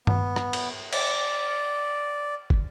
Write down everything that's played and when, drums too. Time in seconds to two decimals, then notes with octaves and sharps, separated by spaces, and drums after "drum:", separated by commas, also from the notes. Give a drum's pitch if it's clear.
0.07 B3, drum: tom G2
0.36 drum: rim click
0.53 drum: cymbal
0.93 D5, drum: cymbal
2.50 drum: kick